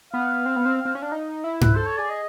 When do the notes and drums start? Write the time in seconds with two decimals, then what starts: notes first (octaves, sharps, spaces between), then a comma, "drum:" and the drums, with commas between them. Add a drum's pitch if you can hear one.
0.14 B3 F5
0.46 C4
0.56 B3
0.66 C4
0.85 C4
0.95 C#4
1.02 D4
1.12 D#4
1.44 E4
1.61 B4, drum: tom G#2
1.74 A4 C5
1.86 C#5
1.97 G#4 D5
2.10 D#5